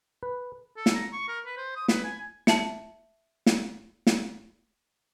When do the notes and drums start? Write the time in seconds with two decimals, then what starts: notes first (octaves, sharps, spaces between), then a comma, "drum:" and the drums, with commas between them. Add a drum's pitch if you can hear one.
0.23 B4
0.77 A4
0.86 drum: snare
0.95 A#5
1.13 C#6
1.28 A#4
1.46 B4
1.57 C5
1.76 D#6
1.88 B4, drum: snare
2.04 G#5
2.47 E5 A5, drum: snare
3.46 drum: snare
4.07 drum: snare